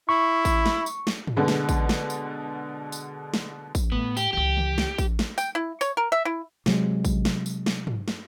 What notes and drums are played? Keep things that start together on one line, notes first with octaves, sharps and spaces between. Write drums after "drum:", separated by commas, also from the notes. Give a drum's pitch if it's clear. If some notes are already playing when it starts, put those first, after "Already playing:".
E4 C#6
drum: kick A1, tambourine
drum: snare
drum: tambourine
drum: snare
drum: tom
B2 D3 G#3
drum: snare
drum: kick A1, tambourine
drum: snare
drum: tambourine
drum: tambourine
drum: snare
drum: kick A1, tambourine
A2 B3
G4, drum: tambourine
C#2 E3 G4
drum: tom
drum: snare
drum: kick A1, tambourine
drum: snare
G5, drum: tambourine
E4
C#5, drum: tambourine
A#4
E5
E4
C3 F#3 G#3, drum: snare
drum: kick A1, tambourine
drum: snare
drum: tambourine
drum: snare
drum: tom
drum: snare